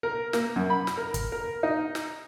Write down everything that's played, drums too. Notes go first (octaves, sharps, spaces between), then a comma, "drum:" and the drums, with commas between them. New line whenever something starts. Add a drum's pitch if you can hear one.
A#4
A#3, drum: snare
F#2
B5
drum: snare
A#4
drum: kick, hi-hat
A#4
D#4
drum: snare